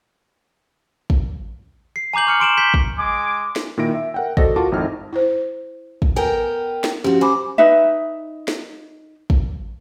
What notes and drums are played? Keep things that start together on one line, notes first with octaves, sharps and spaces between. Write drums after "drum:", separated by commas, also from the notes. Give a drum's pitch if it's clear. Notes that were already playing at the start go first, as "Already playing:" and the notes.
drum: kick
C7
G#5 A#5 D6 G6 F#7
C#6 F6 C#7
C6 D7 E7 F#7
G6 B6 G7
drum: kick
G#3 D6
drum: snare
A#2 D#3 E4 A#6 D7
E5
A#4 F#5 G5
F#4 A4 C5 D5 D#5 A#6, drum: kick
F4 F#4 A#4 A5 D6
G#1 F2 D#4 E4 F6
E4 C5
drum: kick
B3 A#4 G5 G#5
drum: snare
F3 C#4 F#4 G4
C5 G#5 B5 D6
D#4 B4 E5
drum: snare
drum: kick